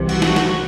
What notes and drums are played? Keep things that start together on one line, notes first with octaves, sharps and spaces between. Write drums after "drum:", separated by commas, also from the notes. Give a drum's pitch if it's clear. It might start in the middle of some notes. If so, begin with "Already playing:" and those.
Already playing: C2 C3 E3
F#4 F#5, drum: cymbal
drum: snare
drum: snare